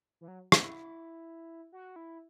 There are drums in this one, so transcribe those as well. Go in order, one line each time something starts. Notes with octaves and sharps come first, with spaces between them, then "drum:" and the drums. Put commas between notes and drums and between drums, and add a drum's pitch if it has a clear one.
E3
F#3
A3, drum: rim click
E4
F#4
E4